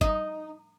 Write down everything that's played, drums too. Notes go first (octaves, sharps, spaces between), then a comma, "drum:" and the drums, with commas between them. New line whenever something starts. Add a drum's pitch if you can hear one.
D#4, drum: kick G1